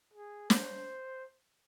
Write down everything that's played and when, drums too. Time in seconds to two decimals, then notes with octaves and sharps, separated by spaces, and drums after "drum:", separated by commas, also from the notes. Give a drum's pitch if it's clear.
0.13 G#4
0.50 C5, drum: snare